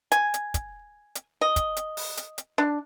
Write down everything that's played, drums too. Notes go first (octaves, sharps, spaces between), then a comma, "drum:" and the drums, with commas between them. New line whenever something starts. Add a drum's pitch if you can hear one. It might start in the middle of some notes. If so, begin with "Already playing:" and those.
G#5, drum: hi-hat
drum: hi-hat
drum: kick, hi-hat
drum: hi-hat
D#5
drum: kick, hi-hat
drum: hi-hat
drum: open hi-hat
drum: hi-hat
drum: hi-hat
D4